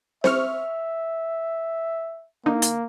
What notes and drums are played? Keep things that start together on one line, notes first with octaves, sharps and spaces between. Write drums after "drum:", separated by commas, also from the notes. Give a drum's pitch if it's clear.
C5 E5 C#6 F6, drum: snare C4
D3 A#3 D#4
drum: hi-hat